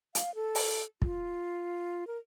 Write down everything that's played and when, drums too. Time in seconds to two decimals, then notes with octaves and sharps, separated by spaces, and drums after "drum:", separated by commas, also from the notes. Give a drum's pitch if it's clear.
0.15 F5, drum: hi-hat
0.35 A4
0.55 drum: open hi-hat
1.02 F4, drum: kick
2.07 A#4